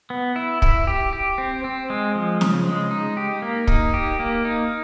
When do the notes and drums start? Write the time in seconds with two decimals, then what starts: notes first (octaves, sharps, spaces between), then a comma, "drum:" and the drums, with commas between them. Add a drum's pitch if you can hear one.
0.10 B3
0.36 E4
0.62 E4, drum: kick
0.87 G4
1.13 G4
1.38 C4
1.64 C4
1.90 G#3
2.15 F3
2.41 C#3, drum: snare
2.66 G#3
2.91 D#4
3.17 G4
3.42 A#3
3.67 D#4, drum: kick
3.94 G4
4.19 A#3
4.45 D#4